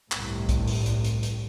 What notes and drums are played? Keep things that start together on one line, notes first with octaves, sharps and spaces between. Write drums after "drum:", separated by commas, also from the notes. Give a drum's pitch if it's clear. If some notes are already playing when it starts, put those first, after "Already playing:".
G1 C2 A2, drum: clap
drum: kick, hi-hat
drum: open hi-hat
drum: hi-hat
drum: hi-hat
drum: hi-hat